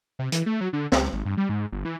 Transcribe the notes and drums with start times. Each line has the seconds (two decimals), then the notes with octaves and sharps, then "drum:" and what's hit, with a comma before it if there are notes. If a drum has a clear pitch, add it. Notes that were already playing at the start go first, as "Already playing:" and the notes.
0.19 C3
0.32 E3, drum: hi-hat
0.46 A3
0.61 F#3
0.73 D3
0.92 C#2, drum: snare
1.13 G#1
1.25 G2
1.37 G3
1.49 G#2
1.72 G1
1.85 E3